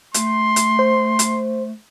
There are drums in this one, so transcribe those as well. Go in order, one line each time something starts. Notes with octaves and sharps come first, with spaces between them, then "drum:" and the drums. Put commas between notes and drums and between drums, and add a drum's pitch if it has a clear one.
A3 C6, drum: hi-hat
drum: hi-hat
C5
drum: hi-hat